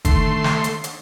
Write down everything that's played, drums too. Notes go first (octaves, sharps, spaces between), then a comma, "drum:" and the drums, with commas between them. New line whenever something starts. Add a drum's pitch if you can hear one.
D3 D#3 A3 C6, drum: kick F#1, hi-hat
drum: snare
drum: hi-hat
drum: hi-hat